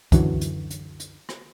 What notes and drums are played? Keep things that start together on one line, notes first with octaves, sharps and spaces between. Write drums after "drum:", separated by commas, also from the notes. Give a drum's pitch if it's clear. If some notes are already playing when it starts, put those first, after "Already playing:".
F#2 D3 E3 F#3, drum: kick, hi-hat
drum: hi-hat
drum: hi-hat
drum: hi-hat
drum: rim click